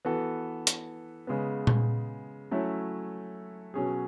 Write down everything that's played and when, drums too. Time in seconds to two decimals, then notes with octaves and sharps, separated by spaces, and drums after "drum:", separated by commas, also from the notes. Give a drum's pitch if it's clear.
0.05 E3 B3 F#4 A4
0.67 drum: hi-hat
1.27 C#3 G#3 B3
1.67 drum: tom A#2
2.51 F#3 A3 C#4 E4
3.74 B2 F#3 C#4 G#4